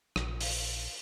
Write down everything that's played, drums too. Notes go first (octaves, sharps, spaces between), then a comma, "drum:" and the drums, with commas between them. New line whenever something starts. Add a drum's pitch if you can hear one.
A#1, drum: rim click
drum: open hi-hat